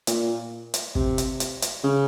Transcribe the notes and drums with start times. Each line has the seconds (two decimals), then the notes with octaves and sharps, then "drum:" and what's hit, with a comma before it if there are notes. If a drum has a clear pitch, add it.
0.07 A#2, drum: hi-hat
0.74 drum: hi-hat
0.95 C3, drum: kick
1.18 drum: hi-hat
1.40 drum: hi-hat
1.62 drum: hi-hat
1.84 C#3